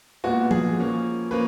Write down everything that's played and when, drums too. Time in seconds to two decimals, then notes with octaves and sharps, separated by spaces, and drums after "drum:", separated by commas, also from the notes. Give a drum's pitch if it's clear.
0.24 A#2 G#3 B3 F#4
0.51 G#4, drum: tom F3
0.77 F3 A#3 C#4
1.31 F3 A#3 C#4 B4